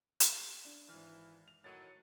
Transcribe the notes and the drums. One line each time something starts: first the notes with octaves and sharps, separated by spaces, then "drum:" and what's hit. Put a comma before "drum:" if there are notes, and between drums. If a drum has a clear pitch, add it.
drum: hi-hat
D4
G#1 E3 F6
F7
A2 D#3 F#3 A6 C#7 D#7